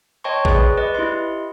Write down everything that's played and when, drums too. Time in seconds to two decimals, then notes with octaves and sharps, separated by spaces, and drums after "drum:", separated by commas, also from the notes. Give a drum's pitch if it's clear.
0.24 C#5 D#5 G5 A5 C6 C#6
0.45 G#4 B4 D5, drum: kick A#1
0.77 B4 D5 D#5
0.95 E4 G4 D#5 C6